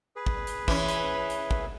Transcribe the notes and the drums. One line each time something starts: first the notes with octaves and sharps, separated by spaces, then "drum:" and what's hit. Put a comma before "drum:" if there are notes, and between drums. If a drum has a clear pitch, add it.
G#4 B4
drum: kick
drum: hi-hat
E3 C#4, drum: kick
drum: hi-hat
drum: hi-hat
drum: kick